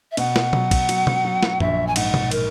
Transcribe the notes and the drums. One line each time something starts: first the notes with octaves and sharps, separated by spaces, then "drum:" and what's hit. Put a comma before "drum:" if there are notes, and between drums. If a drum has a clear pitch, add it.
E5
B2 F#5, drum: cymbal
drum: snare
F#3, drum: tom B2
drum: kick, cymbal
F#3, drum: cymbal
drum: tom B2
F#3
drum: snare
A#1 E5, drum: tom F#2
G#5
G#2 F#5, drum: cymbal
drum: tom B2
A#4, drum: cymbal